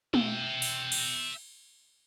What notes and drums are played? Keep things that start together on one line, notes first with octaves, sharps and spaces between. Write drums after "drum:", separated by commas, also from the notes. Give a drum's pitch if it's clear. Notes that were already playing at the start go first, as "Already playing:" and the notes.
E5 G5, drum: tom
drum: open hi-hat
drum: cymbal